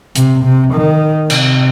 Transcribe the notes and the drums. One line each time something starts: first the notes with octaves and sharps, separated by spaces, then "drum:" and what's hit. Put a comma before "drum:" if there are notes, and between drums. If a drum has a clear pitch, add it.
C3, drum: hi-hat
C3
D#3
C3, drum: cymbal